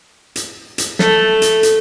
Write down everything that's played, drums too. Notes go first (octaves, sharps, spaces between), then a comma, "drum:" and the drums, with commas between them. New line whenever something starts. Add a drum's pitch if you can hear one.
drum: hi-hat
drum: hi-hat
A3, drum: snare
drum: hi-hat
drum: hi-hat